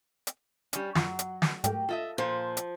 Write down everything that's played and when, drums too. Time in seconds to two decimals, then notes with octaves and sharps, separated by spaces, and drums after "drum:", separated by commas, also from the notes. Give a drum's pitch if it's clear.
0.27 drum: hi-hat
0.73 G3 C#4, drum: hi-hat
0.95 F#2 F#3 F4, drum: snare
1.19 drum: hi-hat
1.42 drum: snare
1.64 G#2 A3 G4 A#4 G5, drum: hi-hat
1.89 F4 A4 D#5 E5
2.18 A#2 F3 C5
2.57 drum: hi-hat